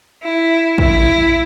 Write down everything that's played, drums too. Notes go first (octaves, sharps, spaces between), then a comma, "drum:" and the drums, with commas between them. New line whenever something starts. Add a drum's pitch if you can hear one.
E4
E4, drum: kick